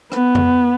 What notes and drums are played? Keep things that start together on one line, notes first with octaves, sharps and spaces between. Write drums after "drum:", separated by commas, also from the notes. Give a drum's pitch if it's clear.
B3, drum: rim click
drum: tom F2